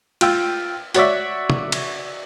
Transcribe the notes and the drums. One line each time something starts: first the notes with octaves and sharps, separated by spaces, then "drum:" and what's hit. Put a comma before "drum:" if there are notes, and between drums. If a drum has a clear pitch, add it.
F4 G5 E6, drum: cymbal
F#4 C#5 D5 E5, drum: hi-hat
drum: tom
drum: cymbal